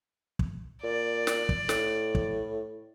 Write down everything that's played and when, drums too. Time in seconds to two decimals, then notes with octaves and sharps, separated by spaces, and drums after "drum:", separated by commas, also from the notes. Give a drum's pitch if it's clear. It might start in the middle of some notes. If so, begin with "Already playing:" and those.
0.39 drum: kick
0.83 A#2 D5
1.27 drum: snare
1.49 drum: kick
1.69 A2, drum: snare
2.15 drum: kick